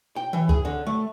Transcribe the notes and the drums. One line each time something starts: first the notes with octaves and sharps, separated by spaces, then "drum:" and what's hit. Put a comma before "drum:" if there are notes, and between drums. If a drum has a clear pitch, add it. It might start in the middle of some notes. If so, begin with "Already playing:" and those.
G5
E3
G#4, drum: kick C#2
D3
A3